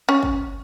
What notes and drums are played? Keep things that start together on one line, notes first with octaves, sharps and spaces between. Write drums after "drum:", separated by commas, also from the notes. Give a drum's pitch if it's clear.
C#4
drum: kick